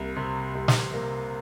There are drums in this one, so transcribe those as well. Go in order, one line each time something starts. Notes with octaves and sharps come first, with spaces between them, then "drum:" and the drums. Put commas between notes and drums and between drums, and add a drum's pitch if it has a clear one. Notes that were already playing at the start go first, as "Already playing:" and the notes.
Already playing: C2 A#3
C3
C2
drum: snare
A#3